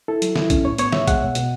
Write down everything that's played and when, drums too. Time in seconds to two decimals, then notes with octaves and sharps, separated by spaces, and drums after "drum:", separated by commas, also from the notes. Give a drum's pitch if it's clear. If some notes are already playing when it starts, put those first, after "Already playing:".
0.08 E4 A4
0.22 F#3, drum: hi-hat
0.36 E4, drum: snare
0.50 C#4, drum: kick, hi-hat
0.65 A2 C#5
0.78 B3 C#5, drum: hi-hat
0.92 G#3 E5, drum: snare
1.08 G#3 F#5, drum: kick, hi-hat
1.21 B2
1.35 B2, drum: hi-hat